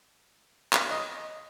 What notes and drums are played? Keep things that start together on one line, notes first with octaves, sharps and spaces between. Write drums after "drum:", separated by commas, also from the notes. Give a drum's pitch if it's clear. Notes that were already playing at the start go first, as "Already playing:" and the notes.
drum: clap
D#5